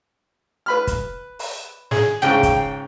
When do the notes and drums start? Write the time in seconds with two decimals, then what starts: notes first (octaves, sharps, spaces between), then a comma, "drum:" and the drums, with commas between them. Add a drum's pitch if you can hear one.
0.66 B4 B5 F6
0.87 drum: kick, hi-hat
1.39 drum: open hi-hat
1.91 G#4, drum: snare
2.22 C#2 G#2 C#3 G5
2.43 drum: kick, hi-hat